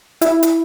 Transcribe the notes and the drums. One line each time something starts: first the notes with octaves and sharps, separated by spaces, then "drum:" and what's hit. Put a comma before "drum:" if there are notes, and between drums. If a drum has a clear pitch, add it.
E4, drum: hi-hat
drum: hi-hat